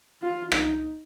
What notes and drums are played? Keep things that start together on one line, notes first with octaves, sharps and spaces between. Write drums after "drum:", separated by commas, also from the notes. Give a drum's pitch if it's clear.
F4
D#4, drum: rim click